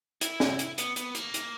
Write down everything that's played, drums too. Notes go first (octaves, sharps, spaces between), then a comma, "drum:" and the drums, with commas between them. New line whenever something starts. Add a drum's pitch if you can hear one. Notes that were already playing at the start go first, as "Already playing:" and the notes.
E4, drum: hi-hat
drum: snare
drum: hi-hat
B3, drum: hi-hat
B3, drum: hi-hat
A#3, drum: hi-hat
drum: hi-hat